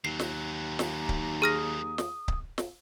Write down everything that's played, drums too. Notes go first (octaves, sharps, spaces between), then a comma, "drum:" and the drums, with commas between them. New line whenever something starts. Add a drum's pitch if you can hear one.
D#2 D#3 F#3 C7
drum: snare
drum: snare
drum: kick C#1
G#4 D#6 F6 A#6
drum: snare
drum: kick C#1
drum: snare